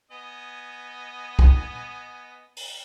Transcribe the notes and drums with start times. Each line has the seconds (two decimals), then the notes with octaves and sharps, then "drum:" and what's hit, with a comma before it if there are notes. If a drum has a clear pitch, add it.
0.11 B3 D#5 G#5
1.39 drum: kick
2.56 drum: open hi-hat